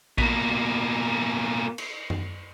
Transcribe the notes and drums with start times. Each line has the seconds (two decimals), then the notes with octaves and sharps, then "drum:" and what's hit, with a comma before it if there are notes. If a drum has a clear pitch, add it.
0.18 B2 A#3, drum: kick A#1
1.78 drum: cymbal
2.10 drum: tom F#2